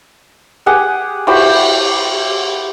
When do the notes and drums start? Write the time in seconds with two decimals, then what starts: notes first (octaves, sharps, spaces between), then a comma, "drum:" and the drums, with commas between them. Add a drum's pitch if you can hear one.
0.66 G4 G#4 F#5 G5
1.27 E4 F#4 G4 C5, drum: cymbal